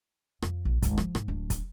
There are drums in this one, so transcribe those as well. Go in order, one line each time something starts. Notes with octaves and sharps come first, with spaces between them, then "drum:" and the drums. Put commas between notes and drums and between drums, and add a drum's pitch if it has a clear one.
F2, drum: rim click
A#1
G#1 D2, drum: kick, hi-hat
F3, drum: rim click
G#2, drum: rim click
D1 D4
drum: kick, hi-hat